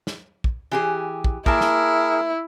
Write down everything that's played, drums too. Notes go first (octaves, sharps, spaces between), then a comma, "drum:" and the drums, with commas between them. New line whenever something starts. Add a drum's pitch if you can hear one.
drum: snare
drum: kick
E3 G4 G#4
drum: kick
A#3 E4 G#4 A#4 A5, drum: kick
drum: snare